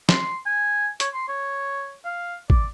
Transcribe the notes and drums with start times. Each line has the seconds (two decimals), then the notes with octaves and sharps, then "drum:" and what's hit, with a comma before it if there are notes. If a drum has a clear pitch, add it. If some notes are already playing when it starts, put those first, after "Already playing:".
0.09 C6, drum: snare
0.46 G#5
1.00 C#5, drum: hi-hat
1.14 C6
1.28 C#5
2.05 F5
2.50 D5, drum: kick G#1